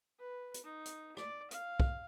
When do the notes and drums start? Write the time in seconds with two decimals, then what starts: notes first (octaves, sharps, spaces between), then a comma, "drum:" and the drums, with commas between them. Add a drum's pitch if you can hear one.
0.19 B4
0.54 drum: hi-hat
0.64 D#4
0.86 drum: hi-hat
1.17 D5, drum: rim click
1.51 F5, drum: hi-hat
1.80 drum: kick